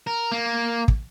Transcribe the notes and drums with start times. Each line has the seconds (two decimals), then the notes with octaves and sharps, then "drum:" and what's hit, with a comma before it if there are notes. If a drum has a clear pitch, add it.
0.07 A#4
0.32 A#3
0.88 drum: kick